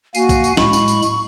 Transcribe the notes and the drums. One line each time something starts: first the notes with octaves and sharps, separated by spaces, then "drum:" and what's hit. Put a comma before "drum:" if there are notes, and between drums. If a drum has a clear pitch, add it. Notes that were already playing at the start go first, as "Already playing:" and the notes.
A#3 F#4 F5 G#5, drum: tambourine
drum: kick A#1, tambourine
drum: tambourine
A2 G#3 B5 C#6, drum: snare
drum: tambourine
drum: tambourine
drum: tambourine